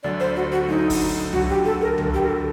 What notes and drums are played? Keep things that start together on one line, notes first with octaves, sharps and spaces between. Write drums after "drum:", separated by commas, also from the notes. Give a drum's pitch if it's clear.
D2 D3 F#3 D5
C5
F#4
F#4
D2 D3 F#3 D#4
drum: kick F#1, open hi-hat
D2 D3 F#3 F#4, drum: tom C2
G4
A4
A#4
D2 D3 F#3 A#4, drum: tom C2
G4
A#4
A4